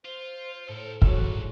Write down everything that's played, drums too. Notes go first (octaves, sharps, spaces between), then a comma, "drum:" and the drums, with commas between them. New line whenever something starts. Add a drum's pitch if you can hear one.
F4 C5
A2 A4 A#4
A1 G#2 F#3 G3 F#4 A4, drum: kick